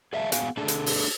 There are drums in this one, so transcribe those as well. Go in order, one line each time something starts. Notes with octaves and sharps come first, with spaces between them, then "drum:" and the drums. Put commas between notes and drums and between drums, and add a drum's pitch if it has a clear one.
G#4 D5 E5 F5 G5 A5
B3 F#4 G#4 F5 F#5 G#5, drum: hi-hat
A3 D4 G#4 A4 D5 A5
drum: hi-hat
drum: open hi-hat